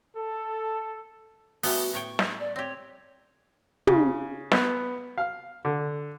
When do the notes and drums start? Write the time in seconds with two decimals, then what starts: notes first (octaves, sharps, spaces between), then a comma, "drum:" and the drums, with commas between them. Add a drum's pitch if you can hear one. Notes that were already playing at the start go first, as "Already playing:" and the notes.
0.17 A4
1.63 G3 A3 B3 F#4, drum: open hi-hat
1.93 A2 C#5 G5 C#6
2.19 drum: snare
2.39 D5
2.56 C4 G4 C#5
3.87 C#3, drum: tom
4.52 B3, drum: snare
5.18 F5
5.65 D3